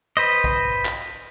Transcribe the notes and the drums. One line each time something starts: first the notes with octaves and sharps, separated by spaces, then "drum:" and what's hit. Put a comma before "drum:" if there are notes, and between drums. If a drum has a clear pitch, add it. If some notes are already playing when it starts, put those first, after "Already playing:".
B4 C5 D#5
drum: kick
drum: clap